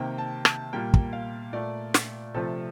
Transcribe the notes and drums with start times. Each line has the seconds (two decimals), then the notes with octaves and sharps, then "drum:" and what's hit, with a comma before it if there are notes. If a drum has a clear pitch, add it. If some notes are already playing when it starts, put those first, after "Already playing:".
Already playing: C3 D#3 A#3 G5
0.18 A5
0.45 A5, drum: rim click
0.73 A#2 G3 A#3 G5
0.94 drum: kick
1.13 F5
1.53 A#2 A3 D5
1.94 drum: snare
2.34 C3 F3 A3 A4